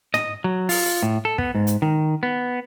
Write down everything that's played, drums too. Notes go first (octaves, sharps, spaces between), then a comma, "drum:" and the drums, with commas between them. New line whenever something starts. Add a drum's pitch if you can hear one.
D#5, drum: tom
F#3
F4, drum: open hi-hat
A2
A4
B3, drum: kick
G#2
drum: hi-hat
D#3
B3